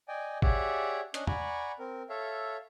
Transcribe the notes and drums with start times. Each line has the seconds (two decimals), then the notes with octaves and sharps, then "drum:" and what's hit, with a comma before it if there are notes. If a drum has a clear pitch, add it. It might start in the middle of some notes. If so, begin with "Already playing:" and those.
0.08 D5 D#5 G5 G#5
0.42 G4 G#4 C#5 D5 E5 F#5, drum: kick G#1
1.14 C#4 D4 D#5 C#6 D#6 F#6, drum: hi-hat
1.27 D5 F#5 G#5 A#5 B5 C#6, drum: tom E2
1.79 C4 A#4
2.09 A4 C#5 E5 F5